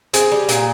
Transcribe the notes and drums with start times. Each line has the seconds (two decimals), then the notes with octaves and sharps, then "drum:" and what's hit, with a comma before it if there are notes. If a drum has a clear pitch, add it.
0.13 C4 G#4, drum: hi-hat
0.32 G3
0.49 A#2, drum: hi-hat